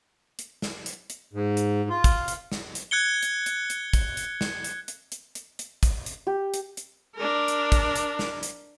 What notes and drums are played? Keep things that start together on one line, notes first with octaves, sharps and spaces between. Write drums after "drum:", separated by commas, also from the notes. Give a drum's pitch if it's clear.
drum: hi-hat
drum: snare
drum: hi-hat
drum: hi-hat
G#2
drum: hi-hat
F4
drum: kick, hi-hat
drum: hi-hat
drum: snare
drum: hi-hat
F#6 G#6 C#7 G7
drum: hi-hat
drum: hi-hat
drum: hi-hat
drum: kick, hi-hat
drum: hi-hat
drum: snare
drum: hi-hat
drum: hi-hat
drum: hi-hat
drum: hi-hat
drum: hi-hat
drum: kick, hi-hat
drum: hi-hat
G4
drum: hi-hat
drum: hi-hat
D4 A#4
drum: hi-hat
drum: kick, hi-hat
drum: hi-hat
drum: snare
drum: hi-hat